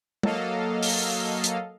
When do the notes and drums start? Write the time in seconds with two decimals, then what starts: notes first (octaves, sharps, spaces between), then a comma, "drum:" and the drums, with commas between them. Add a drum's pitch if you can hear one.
0.23 F#3 A#3 A4 D#5 F5, drum: tom
0.83 drum: open hi-hat
1.44 drum: hi-hat